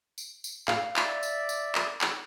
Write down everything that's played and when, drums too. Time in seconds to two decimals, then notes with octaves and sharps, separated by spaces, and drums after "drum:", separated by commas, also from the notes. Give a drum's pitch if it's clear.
0.18 drum: tambourine
0.44 drum: tambourine
0.68 F5, drum: clap
0.96 D5 E5, drum: clap
1.23 drum: tambourine
1.49 drum: tambourine
1.75 drum: clap
2.01 drum: clap